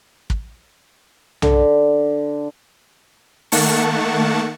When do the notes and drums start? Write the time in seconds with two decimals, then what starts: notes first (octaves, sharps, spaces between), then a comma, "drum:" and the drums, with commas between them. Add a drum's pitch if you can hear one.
0.30 drum: kick
1.42 D3, drum: tom B1
3.52 D#3 A3 A#3 F#5 A5 C#6, drum: open hi-hat